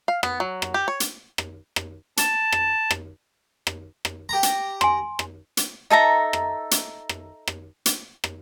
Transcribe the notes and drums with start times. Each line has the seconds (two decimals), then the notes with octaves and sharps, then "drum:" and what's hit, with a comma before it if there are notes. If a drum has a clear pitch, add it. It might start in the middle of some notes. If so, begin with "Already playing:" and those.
0.08 F5
0.23 B3, drum: rim click
0.40 F#3
0.62 drum: rim click
0.74 G4
0.88 C#5
1.00 drum: hi-hat
1.38 drum: rim click
1.76 drum: rim click
2.17 A5, drum: hi-hat
2.52 drum: rim click
2.91 drum: rim click
3.67 drum: rim click
4.05 drum: rim click
4.29 G4 A#5
4.43 drum: hi-hat
4.81 G#5 C6, drum: rim click
5.19 drum: rim click
5.57 drum: hi-hat
5.90 D#4 A4 E5 A#5
6.33 drum: rim click
6.71 drum: hi-hat
7.09 drum: rim click
7.47 drum: rim click
7.86 drum: hi-hat
8.24 drum: rim click